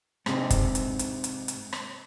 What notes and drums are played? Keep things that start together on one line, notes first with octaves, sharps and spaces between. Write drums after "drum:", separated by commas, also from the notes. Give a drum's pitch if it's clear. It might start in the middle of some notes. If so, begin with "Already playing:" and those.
G#2 C3, drum: rim click
drum: kick, hi-hat
drum: hi-hat
drum: hi-hat
drum: hi-hat
drum: hi-hat
drum: rim click